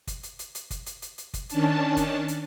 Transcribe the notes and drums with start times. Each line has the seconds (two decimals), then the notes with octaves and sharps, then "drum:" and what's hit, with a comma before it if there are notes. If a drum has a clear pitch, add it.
0.07 drum: kick G1, hi-hat
0.23 drum: hi-hat
0.39 drum: hi-hat
0.55 drum: hi-hat
0.70 drum: kick G1, hi-hat
0.86 drum: hi-hat
1.02 drum: hi-hat
1.18 drum: hi-hat
1.34 drum: kick G1, hi-hat
1.49 D#3 C#4 D4 A5, drum: hi-hat
1.97 drum: kick G1, hi-hat
2.28 drum: hi-hat